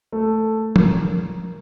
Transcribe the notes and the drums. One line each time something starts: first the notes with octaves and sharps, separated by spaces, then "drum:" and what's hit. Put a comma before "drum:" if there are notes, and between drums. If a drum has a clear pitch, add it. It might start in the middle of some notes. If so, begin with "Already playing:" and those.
A3
A#4, drum: tom F3